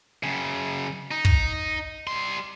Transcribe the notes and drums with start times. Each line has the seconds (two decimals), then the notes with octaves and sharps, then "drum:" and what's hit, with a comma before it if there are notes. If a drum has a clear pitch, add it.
0.23 F#2 C#3
1.11 D#4
1.25 drum: kick
2.07 G3 C6